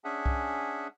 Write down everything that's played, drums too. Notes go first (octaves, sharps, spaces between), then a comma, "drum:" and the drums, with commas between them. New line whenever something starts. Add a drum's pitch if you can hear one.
C#4 D4 G#4 E5 F#5
drum: kick C2